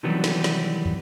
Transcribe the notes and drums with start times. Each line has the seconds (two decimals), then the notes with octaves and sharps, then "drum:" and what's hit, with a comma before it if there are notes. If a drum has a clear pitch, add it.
0.03 C3 D#3 E3 F#3 G3 B3
0.24 drum: snare
0.44 drum: snare
0.85 drum: tom